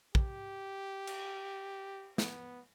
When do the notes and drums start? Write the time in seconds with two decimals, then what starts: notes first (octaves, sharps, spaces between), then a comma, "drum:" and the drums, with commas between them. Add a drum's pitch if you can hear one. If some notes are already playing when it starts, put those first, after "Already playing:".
0.15 G4, drum: kick
1.07 drum: cymbal
2.18 B3, drum: snare